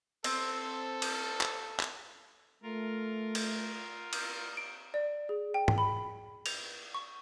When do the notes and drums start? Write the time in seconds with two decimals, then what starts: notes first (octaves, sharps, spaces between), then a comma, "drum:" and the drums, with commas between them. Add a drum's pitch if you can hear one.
0.24 C4 A4, drum: cymbal
1.02 drum: cymbal
1.41 drum: clap
1.80 drum: clap
2.63 A3 F4 A#4
3.35 drum: cymbal
4.13 drum: cymbal
4.57 D7
4.94 D5
5.29 G#4
5.54 G5
5.68 drum: tom G#2
5.78 B5
6.46 F7, drum: cymbal
6.94 C#6